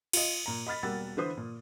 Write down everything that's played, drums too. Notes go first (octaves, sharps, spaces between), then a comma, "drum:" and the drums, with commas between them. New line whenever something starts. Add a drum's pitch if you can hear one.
F4 D#5, drum: cymbal
A#2 A#5
D#5 B5 F6 A6 B6
E1 G3 A#3 F#5 E6 A6
D3 E3 B4 C5 D#6
A#2